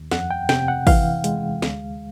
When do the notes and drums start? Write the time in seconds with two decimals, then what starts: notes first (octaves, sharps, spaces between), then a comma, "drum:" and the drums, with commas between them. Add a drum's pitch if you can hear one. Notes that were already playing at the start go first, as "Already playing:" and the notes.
Already playing: D#2
0.11 F2 F#5, drum: snare
0.31 G5
0.49 C3 G5, drum: snare
0.68 F#5
0.87 E3 F5, drum: kick, open hi-hat
1.24 G#3, drum: hi-hat
1.62 D2, drum: snare